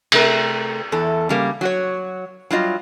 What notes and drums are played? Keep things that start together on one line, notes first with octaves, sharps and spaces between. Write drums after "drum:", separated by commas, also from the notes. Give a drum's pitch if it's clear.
C3 A3 A#4, drum: cymbal
E2 E3 A4
C#3 G3 A#3
F#3 F#4 C#5
F#3 G3 F4 D#5